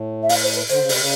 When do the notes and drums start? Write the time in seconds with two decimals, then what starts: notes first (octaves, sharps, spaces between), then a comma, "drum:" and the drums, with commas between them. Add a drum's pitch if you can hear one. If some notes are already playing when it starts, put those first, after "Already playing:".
Already playing: A2
0.22 E5
0.29 F5, drum: open hi-hat
0.43 C5
0.56 B4
0.69 D3 C5, drum: hi-hat
0.79 C#3
0.89 C3, drum: open hi-hat
0.99 C#3